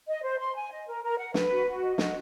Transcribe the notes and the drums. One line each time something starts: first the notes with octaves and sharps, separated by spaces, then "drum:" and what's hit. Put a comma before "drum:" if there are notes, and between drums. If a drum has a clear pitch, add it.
D#5
C5
C6
G#5
D#5
A#4
A#4
F#5
B4, drum: snare
F#4
F#4
D#5
F#4, drum: snare